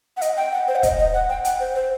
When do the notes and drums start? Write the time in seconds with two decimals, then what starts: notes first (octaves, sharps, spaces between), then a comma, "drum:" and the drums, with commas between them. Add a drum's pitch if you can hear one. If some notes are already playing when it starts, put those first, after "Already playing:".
0.17 F#5
0.22 D#5, drum: hi-hat
0.37 G5
0.52 F#5
0.68 C5
0.76 F#5
0.83 D#5, drum: kick, hi-hat
0.99 D#5
1.14 F#5
1.29 G5
1.45 F#5, drum: hi-hat
1.60 C5
1.75 C5